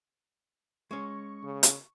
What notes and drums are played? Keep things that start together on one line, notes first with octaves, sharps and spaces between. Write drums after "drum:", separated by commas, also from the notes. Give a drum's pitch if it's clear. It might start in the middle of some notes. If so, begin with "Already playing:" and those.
G#3 C#4 C#6
C#3
drum: hi-hat